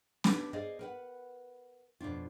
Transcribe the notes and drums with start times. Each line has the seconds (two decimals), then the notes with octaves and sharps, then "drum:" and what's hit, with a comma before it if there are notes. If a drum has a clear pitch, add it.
0.24 B3 D4 G4 B4, drum: snare
0.53 G#4 C5 D5 D#5 F5
0.79 A#4 B4 F#5
2.00 F2 B2 D4 F4